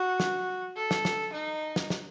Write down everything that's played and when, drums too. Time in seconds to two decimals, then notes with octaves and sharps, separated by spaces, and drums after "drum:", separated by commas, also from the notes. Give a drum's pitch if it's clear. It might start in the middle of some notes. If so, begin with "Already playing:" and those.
Already playing: F#4
0.20 drum: snare
0.76 A4
0.91 drum: snare
1.05 drum: snare
1.33 D#4
1.76 drum: snare
1.90 drum: snare